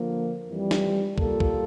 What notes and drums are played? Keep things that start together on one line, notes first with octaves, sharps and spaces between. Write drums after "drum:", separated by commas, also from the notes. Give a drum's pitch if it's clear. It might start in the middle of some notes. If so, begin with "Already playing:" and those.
Already playing: D3 F3 A#3
F2 E3 G3
drum: snare
A#2 G3 A#3 F4 A4, drum: kick
drum: kick